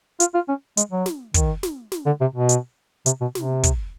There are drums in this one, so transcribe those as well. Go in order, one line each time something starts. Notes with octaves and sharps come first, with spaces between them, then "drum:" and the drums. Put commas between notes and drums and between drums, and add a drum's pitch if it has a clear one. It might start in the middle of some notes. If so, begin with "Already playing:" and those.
F4, drum: hi-hat
F4
C#4
G#3, drum: hi-hat
F#3
drum: snare
D#3, drum: kick, hi-hat
drum: snare
drum: snare
D3
C3
B2
drum: hi-hat
C3, drum: hi-hat
B2
C3, drum: snare
drum: kick, hi-hat